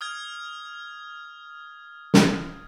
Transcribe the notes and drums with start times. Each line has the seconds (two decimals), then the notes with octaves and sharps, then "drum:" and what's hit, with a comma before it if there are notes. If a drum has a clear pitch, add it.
0.01 D#6 F6 G#6
2.14 drum: snare